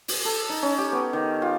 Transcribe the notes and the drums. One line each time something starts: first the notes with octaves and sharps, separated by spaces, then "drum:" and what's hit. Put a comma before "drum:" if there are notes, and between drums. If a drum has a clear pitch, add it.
drum: open hi-hat
A4
D#4
C#4
G4
B3
D#3
F4